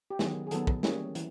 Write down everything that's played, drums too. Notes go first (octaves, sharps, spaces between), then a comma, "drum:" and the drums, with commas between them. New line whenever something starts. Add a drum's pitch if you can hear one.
G4
D#3 F#3 B3 G#4, drum: snare
G#4
D#3 F#3 B3 A4, drum: hi-hat
drum: kick
E3 G3 A#3 C#4 G#4, drum: snare
E3, drum: hi-hat